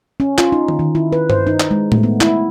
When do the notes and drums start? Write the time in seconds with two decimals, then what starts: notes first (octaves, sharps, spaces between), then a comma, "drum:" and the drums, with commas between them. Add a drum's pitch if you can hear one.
0.20 C#4
0.38 F4, drum: clap
0.52 D#4
0.68 drum: tom D3
0.79 D#3
0.95 E4
1.12 B4
1.30 C5, drum: tom G2
1.47 D#4
1.60 drum: clap
1.71 G#3
1.92 A3, drum: tom A2
2.03 B3
2.21 E4, drum: clap